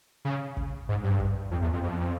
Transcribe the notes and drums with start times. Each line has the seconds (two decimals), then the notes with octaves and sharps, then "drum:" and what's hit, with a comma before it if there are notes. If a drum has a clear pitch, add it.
0.25 C#3
0.57 drum: kick
0.89 G#2
1.03 G2
1.20 drum: kick
1.51 F2
1.62 E2
1.73 F2
1.83 F2